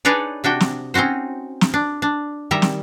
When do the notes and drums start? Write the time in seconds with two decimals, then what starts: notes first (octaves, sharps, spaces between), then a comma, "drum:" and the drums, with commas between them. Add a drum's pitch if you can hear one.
0.05 D4 D#4 G#4 B4 C#5 D5
0.44 C3 D4 F#4 G5
0.60 drum: snare
0.94 C4 C#4 D#4 F#4 C5
1.61 drum: snare
1.74 D4
2.02 D4
2.51 D#3 G3 E5 A#5
2.62 drum: snare